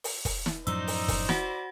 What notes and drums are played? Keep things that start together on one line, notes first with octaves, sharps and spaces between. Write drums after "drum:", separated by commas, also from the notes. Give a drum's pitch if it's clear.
drum: open hi-hat
drum: kick, open hi-hat
drum: snare
F#2 A2 F3 D#4 C5 D5 E6 G7, drum: hi-hat
drum: open hi-hat
drum: kick, open hi-hat
F#4 F#5 A#6, drum: snare